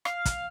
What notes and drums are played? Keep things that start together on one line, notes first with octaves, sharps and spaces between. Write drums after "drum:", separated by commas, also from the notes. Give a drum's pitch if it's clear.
F5, drum: rim click
drum: kick, hi-hat